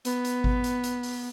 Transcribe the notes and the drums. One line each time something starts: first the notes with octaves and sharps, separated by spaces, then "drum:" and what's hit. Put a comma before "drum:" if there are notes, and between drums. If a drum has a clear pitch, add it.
B3, drum: hi-hat
drum: hi-hat
drum: kick G#1
drum: hi-hat
drum: hi-hat
drum: open hi-hat